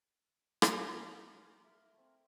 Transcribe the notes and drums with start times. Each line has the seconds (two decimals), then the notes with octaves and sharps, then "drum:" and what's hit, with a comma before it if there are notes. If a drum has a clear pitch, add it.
0.62 drum: rim click
0.85 A#3 A#4
1.64 E5
1.94 A3 C4